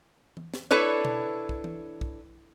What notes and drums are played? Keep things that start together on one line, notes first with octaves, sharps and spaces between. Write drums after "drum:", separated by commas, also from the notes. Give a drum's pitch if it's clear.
drum: tom E3
drum: snare
D4 E4 A4 B4 C#5
drum: tom B2
drum: kick
drum: tom E3
drum: kick